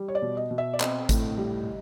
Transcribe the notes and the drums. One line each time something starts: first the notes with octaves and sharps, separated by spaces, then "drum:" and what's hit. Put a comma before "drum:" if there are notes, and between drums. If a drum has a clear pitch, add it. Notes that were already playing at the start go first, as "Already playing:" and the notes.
Already playing: G3
C#5
D5
B2
D#5
B2
E5
D5
C4 D#5, drum: clap
A2, drum: kick G#1, hi-hat
G3